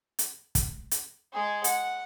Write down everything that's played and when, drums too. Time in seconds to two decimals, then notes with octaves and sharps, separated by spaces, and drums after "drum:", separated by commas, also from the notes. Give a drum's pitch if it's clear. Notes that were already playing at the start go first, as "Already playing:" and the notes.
0.19 drum: hi-hat
0.55 drum: kick, hi-hat
0.91 drum: hi-hat
1.33 G#3 G#4
1.64 F#5, drum: hi-hat